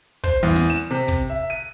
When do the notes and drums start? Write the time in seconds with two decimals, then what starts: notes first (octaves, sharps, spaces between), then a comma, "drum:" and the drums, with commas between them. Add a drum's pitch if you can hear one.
0.24 C5, drum: kick, open hi-hat
0.43 E2
0.56 drum: snare
0.70 E7
0.91 C3, drum: hi-hat
1.08 drum: kick, hi-hat
1.30 E5
1.50 D#7